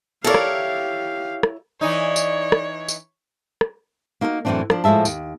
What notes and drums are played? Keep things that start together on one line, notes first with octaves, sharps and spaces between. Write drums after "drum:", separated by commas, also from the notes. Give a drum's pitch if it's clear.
E4 G4 A4 A#4 C#5 D5 F5
drum: rim click
drum: rim click
E3 D#4 C#5 D5
drum: tambourine
drum: rim click
drum: tambourine
drum: rim click
A#3 D#4 F#4 A4 A#4
F#2 A2 C#3 E3 C4 D4
F3 D4, drum: rim click
A2 F3 G#3 E5 A5
D#2, drum: tambourine